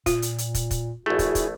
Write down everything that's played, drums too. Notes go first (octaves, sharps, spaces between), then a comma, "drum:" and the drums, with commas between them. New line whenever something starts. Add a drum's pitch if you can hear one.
A#2 F4, drum: kick, hi-hat
drum: hi-hat
drum: hi-hat
drum: kick, hi-hat
drum: kick, hi-hat
A#1 A3 E4 F#4 G#4
drum: kick, hi-hat
drum: kick, hi-hat